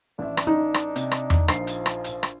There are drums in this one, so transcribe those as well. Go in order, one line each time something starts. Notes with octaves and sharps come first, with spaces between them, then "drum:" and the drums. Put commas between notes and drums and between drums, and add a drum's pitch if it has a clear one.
A1 D4 E5
drum: rim click
D#4
drum: rim click
C3, drum: hi-hat
drum: rim click
drum: tom E2
A#1 F3 C7, drum: rim click
drum: hi-hat
drum: rim click
drum: hi-hat
drum: rim click